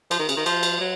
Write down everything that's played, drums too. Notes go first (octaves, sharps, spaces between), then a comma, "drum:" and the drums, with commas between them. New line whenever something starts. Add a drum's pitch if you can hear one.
F3, drum: cymbal
D#3
C#3, drum: cymbal
D#3
F3, drum: cymbal
drum: cymbal
F#3